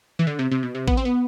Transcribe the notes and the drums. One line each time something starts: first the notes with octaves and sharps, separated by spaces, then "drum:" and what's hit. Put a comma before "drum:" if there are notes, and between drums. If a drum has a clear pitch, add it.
E3
D3
C3
C3
B2
C3
B3, drum: kick A1
C4
B3